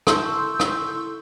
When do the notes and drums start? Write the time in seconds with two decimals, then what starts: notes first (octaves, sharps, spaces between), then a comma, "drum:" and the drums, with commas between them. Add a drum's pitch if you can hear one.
0.07 E4 A4 C6 C#6 E6 G6, drum: rim click
0.60 drum: rim click